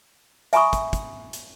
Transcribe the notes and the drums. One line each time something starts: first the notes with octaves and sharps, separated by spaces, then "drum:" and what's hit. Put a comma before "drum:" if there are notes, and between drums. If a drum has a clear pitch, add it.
E5 G#5 A#5 B5 C#6 D#6, drum: hi-hat
drum: kick, hi-hat
drum: kick, hi-hat
drum: hi-hat